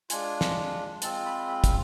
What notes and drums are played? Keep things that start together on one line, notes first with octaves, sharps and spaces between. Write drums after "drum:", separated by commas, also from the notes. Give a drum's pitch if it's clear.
G#3 D4 F4 G#5, drum: hi-hat
drum: snare
G#3 C4 F4 A5, drum: hi-hat
B5
B5
drum: kick, hi-hat